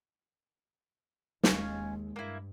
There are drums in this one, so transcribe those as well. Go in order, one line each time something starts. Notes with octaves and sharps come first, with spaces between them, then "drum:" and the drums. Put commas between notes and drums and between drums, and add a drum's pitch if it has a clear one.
D#2 G#3 C#4 F4 G#5, drum: snare
G2 A#3 E4